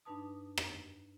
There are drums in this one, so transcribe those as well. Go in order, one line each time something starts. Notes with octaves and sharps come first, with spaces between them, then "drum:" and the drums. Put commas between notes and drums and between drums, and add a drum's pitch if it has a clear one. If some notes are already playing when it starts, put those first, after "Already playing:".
G2 D4 D#4 B4 A5 D#6
drum: rim click